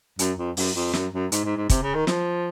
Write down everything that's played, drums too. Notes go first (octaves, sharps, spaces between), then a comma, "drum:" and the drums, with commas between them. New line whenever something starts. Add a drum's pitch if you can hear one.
F#2, drum: hi-hat
F2
F#2, drum: open hi-hat
F2
F#2, drum: snare
F#2
G#2, drum: hi-hat
G#2
G#2
C3, drum: kick, hi-hat
C#3
D#3
F3, drum: snare